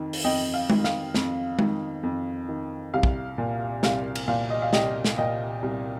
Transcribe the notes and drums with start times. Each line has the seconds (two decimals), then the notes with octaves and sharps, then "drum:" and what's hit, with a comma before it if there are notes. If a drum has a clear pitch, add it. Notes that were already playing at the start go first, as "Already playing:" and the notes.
Already playing: F2 D#3
0.13 drum: open hi-hat
0.24 F2 D#5 G5
0.54 F5
0.70 D#3, drum: tom G#3
0.84 F5, drum: snare
1.14 F2, drum: snare
1.59 D#3, drum: tom G#3
2.03 F2
2.49 D#3
2.94 C2 F5
3.03 drum: kick
3.38 A#2
3.83 C2 F5, drum: snare
4.15 drum: cymbal
4.28 A#2 F5
4.50 D#5
4.62 F5
4.73 C2 D#5 G5, drum: snare
5.05 drum: snare
5.18 A#2 D#5 G5
5.62 C2